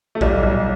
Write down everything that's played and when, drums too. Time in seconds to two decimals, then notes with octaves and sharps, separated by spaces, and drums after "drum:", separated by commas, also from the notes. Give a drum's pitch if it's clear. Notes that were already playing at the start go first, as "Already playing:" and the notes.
0.15 A3
0.21 B1 G3, drum: kick A1
0.43 B1